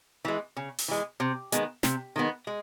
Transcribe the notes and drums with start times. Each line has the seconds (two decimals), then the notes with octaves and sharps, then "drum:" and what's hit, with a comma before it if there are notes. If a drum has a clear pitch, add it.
0.25 E3 G#3
0.57 C#3
0.78 drum: open hi-hat
0.88 E3 G#3
1.20 C3
1.52 D#3 G#3 B3, drum: hi-hat
1.83 C3, drum: snare
2.16 D#3 G#3 B3
2.47 G#3